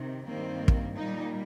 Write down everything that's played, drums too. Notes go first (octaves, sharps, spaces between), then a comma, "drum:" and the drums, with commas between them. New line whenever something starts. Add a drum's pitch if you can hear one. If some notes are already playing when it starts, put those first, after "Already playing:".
Already playing: C3 D#3
G2 D#3 G3 A#3 C4
drum: kick
A#2 G3 A#3 D#4